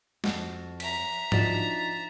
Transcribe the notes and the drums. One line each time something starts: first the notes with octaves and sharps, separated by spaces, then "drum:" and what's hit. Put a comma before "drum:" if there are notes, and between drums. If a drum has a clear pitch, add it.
F2 F#4, drum: snare
E5 A#5 B6, drum: cymbal
F3 D4 D#4 F#4 A6 B6 E7, drum: tom G#2